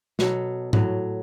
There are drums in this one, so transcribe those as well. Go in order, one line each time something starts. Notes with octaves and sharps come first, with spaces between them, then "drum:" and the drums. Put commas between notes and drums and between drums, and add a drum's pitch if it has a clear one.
B2 F#3 A4, drum: snare
A2 F#3, drum: tom G#2